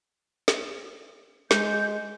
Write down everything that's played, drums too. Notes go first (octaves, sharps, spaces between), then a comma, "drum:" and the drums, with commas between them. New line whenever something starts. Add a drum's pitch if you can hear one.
drum: snare
G#3 G6, drum: snare